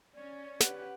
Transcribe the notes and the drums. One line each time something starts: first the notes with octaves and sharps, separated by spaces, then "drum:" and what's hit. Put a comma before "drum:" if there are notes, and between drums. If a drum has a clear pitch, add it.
C#4 D5
G4 B4 F#5, drum: snare